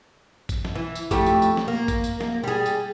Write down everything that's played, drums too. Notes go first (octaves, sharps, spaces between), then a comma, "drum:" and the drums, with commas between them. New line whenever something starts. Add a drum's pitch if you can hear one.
drum: kick A1, tambourine
drum: snare
E3
drum: tambourine
F2 A3 G4, drum: kick A1, tambourine
drum: tambourine
drum: tambourine
drum: snare
A#3
drum: kick A1, tambourine
drum: tambourine
A#3, drum: snare
G3 G#4
drum: tambourine